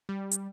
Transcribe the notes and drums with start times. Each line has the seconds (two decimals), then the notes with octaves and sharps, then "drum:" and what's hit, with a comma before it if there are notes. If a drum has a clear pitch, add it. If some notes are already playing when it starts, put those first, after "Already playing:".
0.09 G3
0.32 drum: hi-hat